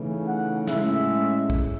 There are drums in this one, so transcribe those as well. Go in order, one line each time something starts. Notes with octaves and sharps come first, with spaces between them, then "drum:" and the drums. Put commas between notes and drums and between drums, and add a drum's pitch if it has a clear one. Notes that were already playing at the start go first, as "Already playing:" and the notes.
Already playing: C#3 E3 A3 D#4
F#5
A2 G#3 C#4 E5, drum: snare
drum: kick